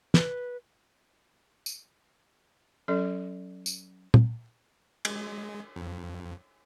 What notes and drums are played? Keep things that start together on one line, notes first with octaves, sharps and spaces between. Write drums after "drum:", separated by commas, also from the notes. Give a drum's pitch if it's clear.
B4, drum: snare
drum: tambourine
F#3 C#4 A4 D5
drum: tambourine
drum: tom A#2
G#3, drum: cymbal
F2